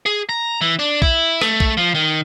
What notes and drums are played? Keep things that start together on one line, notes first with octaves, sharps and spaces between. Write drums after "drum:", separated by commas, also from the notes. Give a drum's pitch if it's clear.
G#4
A#5
E3
D4
E4, drum: kick A#1
A3, drum: rim click
drum: kick A#1
F3
D#3